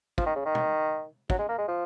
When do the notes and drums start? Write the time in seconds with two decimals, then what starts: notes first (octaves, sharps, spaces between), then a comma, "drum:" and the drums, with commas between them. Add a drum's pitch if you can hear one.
0.18 F3, drum: kick
0.26 D#3
0.36 C#3
0.45 D#3
0.55 drum: tom
1.30 F#3, drum: kick
1.39 G#3
1.48 A#3
1.58 G#3
1.68 F3